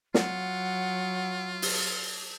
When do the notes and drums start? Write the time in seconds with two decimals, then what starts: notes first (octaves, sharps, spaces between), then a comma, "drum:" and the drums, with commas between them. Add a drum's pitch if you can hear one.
0.14 F#3 F4 F#5, drum: snare
1.62 drum: open hi-hat